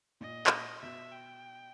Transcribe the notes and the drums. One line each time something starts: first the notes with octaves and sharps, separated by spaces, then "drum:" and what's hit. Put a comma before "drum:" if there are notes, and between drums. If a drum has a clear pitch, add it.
A#2 D#5
drum: clap
B2 E5
G5